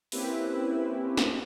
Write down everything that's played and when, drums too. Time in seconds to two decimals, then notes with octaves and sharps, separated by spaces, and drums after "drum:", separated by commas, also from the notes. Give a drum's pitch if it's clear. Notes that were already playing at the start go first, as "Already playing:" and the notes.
0.12 A#3 C4 C#4 E4 G4 B4, drum: open hi-hat
1.17 drum: snare